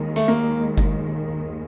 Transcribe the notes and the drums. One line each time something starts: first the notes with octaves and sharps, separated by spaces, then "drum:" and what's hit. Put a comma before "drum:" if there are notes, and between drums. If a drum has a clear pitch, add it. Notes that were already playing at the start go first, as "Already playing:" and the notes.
Already playing: D#2 D#3 G#3
A3, drum: hi-hat
A#3
drum: kick G1